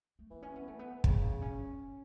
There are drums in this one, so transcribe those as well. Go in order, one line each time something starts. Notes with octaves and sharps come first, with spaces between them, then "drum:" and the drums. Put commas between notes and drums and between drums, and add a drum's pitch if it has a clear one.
A3
E3 B3
C#4
B3
A3
B3
C#3 B3, drum: kick
B3
C#4